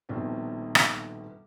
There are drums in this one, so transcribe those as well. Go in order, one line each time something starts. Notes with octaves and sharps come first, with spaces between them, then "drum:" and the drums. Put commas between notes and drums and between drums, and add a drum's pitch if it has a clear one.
D#1 A#1 B2 D#3 C4
drum: rim click